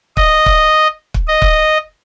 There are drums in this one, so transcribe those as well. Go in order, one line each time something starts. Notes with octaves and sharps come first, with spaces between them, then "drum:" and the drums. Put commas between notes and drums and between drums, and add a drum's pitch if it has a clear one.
D#5, drum: kick
drum: kick
drum: kick
D#5
drum: kick